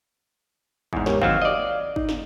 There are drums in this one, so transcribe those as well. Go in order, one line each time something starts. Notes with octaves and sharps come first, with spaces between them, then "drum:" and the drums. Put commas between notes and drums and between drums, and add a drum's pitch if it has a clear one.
E2 G#2, drum: kick
G4 A#4 C#5, drum: snare
D#2 F#3 C4 F5 F6, drum: kick
D5 D#5
D#4, drum: kick
drum: snare